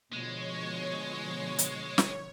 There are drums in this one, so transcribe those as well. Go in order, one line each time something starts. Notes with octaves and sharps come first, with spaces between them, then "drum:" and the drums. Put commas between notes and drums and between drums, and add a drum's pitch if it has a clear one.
B2 D3 F3 G#3 C#5
drum: hi-hat
drum: snare